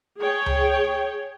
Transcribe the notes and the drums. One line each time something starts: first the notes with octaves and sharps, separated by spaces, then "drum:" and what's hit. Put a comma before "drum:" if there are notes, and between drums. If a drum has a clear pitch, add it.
G#4 C#5 G5
drum: tom C#2